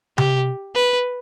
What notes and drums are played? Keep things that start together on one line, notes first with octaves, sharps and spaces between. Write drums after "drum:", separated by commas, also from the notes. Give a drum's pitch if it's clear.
G4, drum: tom C3
B4